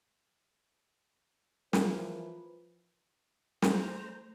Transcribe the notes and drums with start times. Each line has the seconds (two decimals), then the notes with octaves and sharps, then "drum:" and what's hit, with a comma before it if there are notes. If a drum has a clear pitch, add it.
1.73 E3 F3 F4 A#4 B4, drum: snare
3.62 A3 C5 A#5, drum: snare